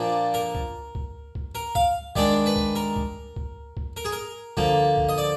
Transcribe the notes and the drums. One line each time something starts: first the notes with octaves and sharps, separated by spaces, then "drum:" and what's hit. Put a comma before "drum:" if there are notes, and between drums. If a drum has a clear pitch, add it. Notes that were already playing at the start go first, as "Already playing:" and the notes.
Already playing: A#2 F3 A#3 D4 D5
A#4
drum: kick C#2
drum: kick C#2
drum: kick C#2
A#4
F5, drum: kick C#2
D#3 G#3 D4 D5, drum: kick C#2
B4
drum: kick C#2
A#4
drum: kick C#2
drum: kick C#2
drum: kick C#2
A#4
G#4
A#4
D3 F3 A#3, drum: kick C#2
drum: kick C#2
D#5
D5